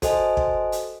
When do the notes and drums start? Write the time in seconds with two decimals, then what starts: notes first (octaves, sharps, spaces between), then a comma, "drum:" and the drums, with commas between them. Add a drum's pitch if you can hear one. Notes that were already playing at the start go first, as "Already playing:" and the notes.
0.02 F#4 A4 C5 D#5 G#5, drum: kick, hi-hat
0.37 drum: kick
0.72 drum: hi-hat